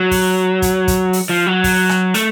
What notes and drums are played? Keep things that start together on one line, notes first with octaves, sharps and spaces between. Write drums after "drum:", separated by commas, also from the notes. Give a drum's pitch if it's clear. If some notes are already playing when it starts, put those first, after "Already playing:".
Already playing: F#3
drum: kick, open hi-hat
drum: kick, hi-hat
drum: kick, hi-hat
drum: open hi-hat
F3
F#3
drum: kick, open hi-hat
drum: rim click
A3, drum: hi-hat